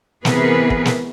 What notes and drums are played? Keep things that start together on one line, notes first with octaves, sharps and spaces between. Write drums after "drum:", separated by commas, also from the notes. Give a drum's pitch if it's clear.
C3 E3 B3 G#4 A#4 B4, drum: snare
drum: kick
drum: snare